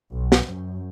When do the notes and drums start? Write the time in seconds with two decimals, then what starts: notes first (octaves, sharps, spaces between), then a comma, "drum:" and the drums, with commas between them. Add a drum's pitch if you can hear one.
0.13 B1
0.32 drum: snare
0.45 F#2